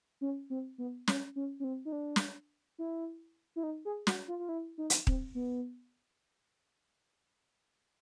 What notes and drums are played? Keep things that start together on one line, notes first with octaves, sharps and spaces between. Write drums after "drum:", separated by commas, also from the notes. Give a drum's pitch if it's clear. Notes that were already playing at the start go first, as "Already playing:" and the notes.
C#4
C4
B3
C#4, drum: snare
C#4
C#4
C4
D#4
D4
drum: snare
E4
E4
D#4
G#4
F#4, drum: snare
F4
F4
E4
D#4
drum: hi-hat
C4, drum: kick D#1
B3